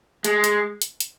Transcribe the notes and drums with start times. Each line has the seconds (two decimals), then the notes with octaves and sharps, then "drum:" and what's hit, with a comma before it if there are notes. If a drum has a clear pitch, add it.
0.24 G#3, drum: hi-hat
0.44 drum: hi-hat
0.82 drum: hi-hat
1.00 drum: hi-hat